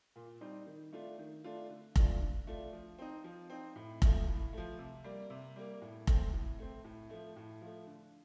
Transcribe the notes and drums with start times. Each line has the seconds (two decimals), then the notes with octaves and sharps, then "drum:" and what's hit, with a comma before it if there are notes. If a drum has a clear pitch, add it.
0.16 A#2
0.41 G3 C4 D#4
0.67 D#3
0.93 A3 D4 F4
1.19 D#3
1.44 A3 D4 F4
1.70 D3
1.96 A3 D4 F4, drum: kick F1
2.21 D3
2.47 A3 D4 F4
2.73 F3
2.99 C4 D#4
3.24 F3
3.50 C4 D#4
3.76 A2
4.02 F3 A3, drum: kick F1
4.27 A2
4.53 F3 A3
4.79 C3
5.04 G3 A#3
5.30 C3
5.56 G3 A#3
5.82 A2
6.07 A3 C4, drum: kick F1
6.33 A2
6.59 A3 C4
6.84 A2
7.10 F3 A3
7.36 A2
7.61 F3 A3
7.87 D3